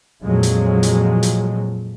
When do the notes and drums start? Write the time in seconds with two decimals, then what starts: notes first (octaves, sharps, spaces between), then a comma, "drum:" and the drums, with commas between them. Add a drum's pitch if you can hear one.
0.23 F2 A#2 F3 F#3 G#3
0.43 drum: hi-hat
0.83 drum: hi-hat
1.23 drum: hi-hat